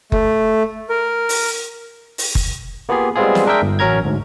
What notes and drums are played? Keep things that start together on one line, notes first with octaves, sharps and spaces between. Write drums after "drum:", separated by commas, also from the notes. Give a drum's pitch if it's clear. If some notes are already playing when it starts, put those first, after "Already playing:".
A3, drum: kick F#1
A#4
drum: open hi-hat
drum: open hi-hat
drum: kick F#1
A#3 B3 F4 G4 G#4
G3 G#3 B3 C4 F4 G#4
drum: snare
G#3 D4 A#4 D#5 E5 G5
G1
A1 F#3 C#4 A#4 A#5 G#6
D2 G#2